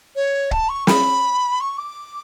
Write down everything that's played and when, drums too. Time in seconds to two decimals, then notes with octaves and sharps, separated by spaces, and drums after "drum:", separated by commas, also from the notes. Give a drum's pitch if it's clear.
0.16 C#5
0.51 A5, drum: kick
0.69 C#6
0.87 B5, drum: snare
1.60 C#6
1.78 D6